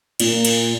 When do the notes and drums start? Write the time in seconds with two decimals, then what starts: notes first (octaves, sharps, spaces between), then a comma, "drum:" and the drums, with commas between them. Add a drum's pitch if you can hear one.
0.20 A#2, drum: cymbal
0.45 drum: cymbal